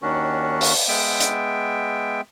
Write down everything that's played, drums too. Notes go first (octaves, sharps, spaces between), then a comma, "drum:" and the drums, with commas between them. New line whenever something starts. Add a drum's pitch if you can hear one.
D#2 D#3 C#4 D4 F#4
drum: open hi-hat
G#3 B3 E5 G5
drum: hi-hat